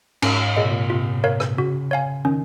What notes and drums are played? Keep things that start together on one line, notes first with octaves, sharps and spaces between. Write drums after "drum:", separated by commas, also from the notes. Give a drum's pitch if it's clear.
G#2 C#4, drum: cymbal
A#2 G#4 D#5
C3
A#2
C3 F4
A#4 C#5 F5
drum: rim click
C#3 F#4
C#5 F5 G#5
D#3 C#4